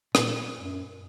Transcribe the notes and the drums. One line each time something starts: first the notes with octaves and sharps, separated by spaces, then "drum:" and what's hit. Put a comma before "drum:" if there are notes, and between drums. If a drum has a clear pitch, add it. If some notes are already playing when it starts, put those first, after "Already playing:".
A#2, drum: rim click
F#2